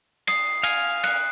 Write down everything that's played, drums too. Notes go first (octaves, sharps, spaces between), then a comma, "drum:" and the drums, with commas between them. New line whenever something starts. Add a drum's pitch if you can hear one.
D#6 C7, drum: cymbal
F5 G#5, drum: cymbal
F#6, drum: cymbal